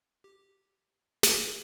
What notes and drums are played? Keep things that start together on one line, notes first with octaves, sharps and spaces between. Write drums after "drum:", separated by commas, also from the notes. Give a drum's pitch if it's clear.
G4
drum: snare